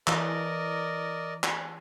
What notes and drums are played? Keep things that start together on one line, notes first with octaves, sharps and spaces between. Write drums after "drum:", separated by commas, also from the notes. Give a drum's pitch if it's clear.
E3 A#4 D5 D#5, drum: clap
drum: clap